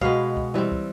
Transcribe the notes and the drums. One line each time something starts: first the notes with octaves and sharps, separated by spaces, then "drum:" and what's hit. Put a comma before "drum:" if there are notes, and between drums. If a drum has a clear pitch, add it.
B2 G#3 B3 F5, drum: kick
drum: kick
E3 G3 C4
drum: kick